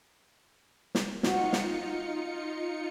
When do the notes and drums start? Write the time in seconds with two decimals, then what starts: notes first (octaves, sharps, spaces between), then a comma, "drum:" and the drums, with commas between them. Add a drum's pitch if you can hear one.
0.95 drum: snare
1.23 C4 D#4 F4 F#4 C#7, drum: snare
1.53 drum: snare